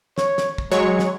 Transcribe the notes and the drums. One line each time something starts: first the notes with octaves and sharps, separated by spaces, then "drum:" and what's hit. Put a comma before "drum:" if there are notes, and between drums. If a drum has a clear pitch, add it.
C#5, drum: snare
drum: snare
drum: kick
F#3 G#3 C#5 C#6
drum: snare